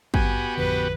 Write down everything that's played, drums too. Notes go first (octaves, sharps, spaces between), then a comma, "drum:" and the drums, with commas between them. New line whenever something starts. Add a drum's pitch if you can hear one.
G1 B3 F#4 G4 G#5, drum: kick
A1 F2 D3 B4